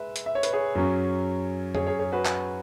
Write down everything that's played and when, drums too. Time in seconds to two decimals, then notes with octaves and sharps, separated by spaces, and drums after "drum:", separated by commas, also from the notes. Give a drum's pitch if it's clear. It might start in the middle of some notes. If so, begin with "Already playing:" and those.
Already playing: G#3 B4 E5
0.16 drum: hi-hat
0.26 E5
0.35 C#5
0.43 B4, drum: hi-hat
0.53 G#4 C#5
0.75 F#2 F#3 C#4
1.75 G#4 C#5, drum: tom F2
1.87 G#4 C#5
1.99 G#4 C#5
2.12 F#4 B4
2.25 drum: clap